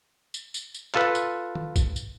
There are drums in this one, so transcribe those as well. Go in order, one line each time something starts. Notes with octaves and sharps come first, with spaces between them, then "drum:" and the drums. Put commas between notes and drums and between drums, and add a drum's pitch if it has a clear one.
drum: tambourine
drum: tambourine
drum: tambourine
F4 A4 B4, drum: clap
drum: tambourine
drum: tom D#3
drum: kick, tambourine
drum: tambourine